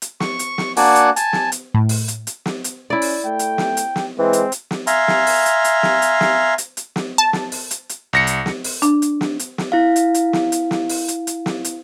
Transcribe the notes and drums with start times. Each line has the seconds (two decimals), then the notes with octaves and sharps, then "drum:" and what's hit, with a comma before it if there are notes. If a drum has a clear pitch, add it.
0.02 drum: hi-hat
0.20 C#6, drum: snare
0.39 drum: hi-hat
0.58 drum: snare
0.77 A#3 D4 F#4 D5 F#5 G#5, drum: open hi-hat
0.95 drum: hi-hat
1.16 G#5 A5, drum: hi-hat
1.33 drum: snare
1.52 drum: hi-hat
1.74 A2
1.89 drum: open hi-hat
2.08 drum: hi-hat
2.27 drum: hi-hat
2.46 drum: snare
2.64 drum: hi-hat
2.90 C#4 E4 D5
3.02 drum: open hi-hat
3.25 A3 G5
3.39 drum: hi-hat
3.58 drum: snare
3.77 drum: hi-hat
3.96 drum: snare
4.19 E3 G#3 C4
4.33 drum: hi-hat
4.52 drum: hi-hat
4.71 drum: snare
4.87 E5 F5 G#5 A#5 C6, drum: hi-hat
5.08 drum: snare
5.27 drum: open hi-hat
5.46 drum: hi-hat
5.64 drum: hi-hat
5.83 drum: snare
6.02 drum: hi-hat
6.21 drum: snare
6.58 drum: hi-hat
6.77 drum: hi-hat
6.96 drum: snare
7.18 A5
7.33 drum: snare
7.52 drum: open hi-hat
7.71 drum: hi-hat
7.89 drum: hi-hat
8.13 C2 A#6 C#7
8.27 drum: hi-hat
8.46 drum: snare
8.64 drum: open hi-hat
8.82 D4, drum: hi-hat
9.02 drum: hi-hat
9.21 drum: snare
9.39 drum: hi-hat
9.58 drum: snare
9.72 E4 F5
9.96 drum: hi-hat
10.14 drum: hi-hat
10.33 drum: snare
10.52 drum: hi-hat
10.71 drum: snare
10.89 drum: open hi-hat
11.08 drum: hi-hat
11.27 drum: hi-hat
11.46 drum: snare
11.65 drum: hi-hat